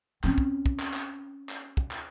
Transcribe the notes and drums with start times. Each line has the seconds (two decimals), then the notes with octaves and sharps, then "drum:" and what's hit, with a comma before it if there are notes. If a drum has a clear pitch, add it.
0.24 C4 C#4, drum: clap
0.38 drum: kick
0.66 drum: kick
0.80 drum: clap
0.93 drum: clap
1.49 drum: clap
1.77 drum: kick
1.91 drum: clap